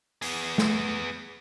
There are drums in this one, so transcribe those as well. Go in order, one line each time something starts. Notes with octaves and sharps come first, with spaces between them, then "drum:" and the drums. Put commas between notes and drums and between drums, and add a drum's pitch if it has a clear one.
B3 G#4, drum: open hi-hat
drum: snare